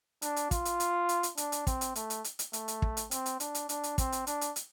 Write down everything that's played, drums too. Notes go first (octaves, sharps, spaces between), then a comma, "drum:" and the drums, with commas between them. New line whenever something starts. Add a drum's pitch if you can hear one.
D4, drum: hi-hat
drum: hi-hat
F4, drum: kick, hi-hat
drum: hi-hat
drum: hi-hat
drum: hi-hat
drum: hi-hat
D4, drum: hi-hat
drum: hi-hat
C4, drum: kick, hi-hat
drum: hi-hat
A3, drum: hi-hat
drum: hi-hat
drum: hi-hat
drum: hi-hat
A3, drum: hi-hat
drum: hi-hat
drum: kick
drum: hi-hat
C4, drum: hi-hat
drum: hi-hat
D4, drum: hi-hat
drum: hi-hat
D4, drum: hi-hat
drum: hi-hat
C4, drum: kick, hi-hat
drum: hi-hat
D4, drum: hi-hat
drum: hi-hat
drum: hi-hat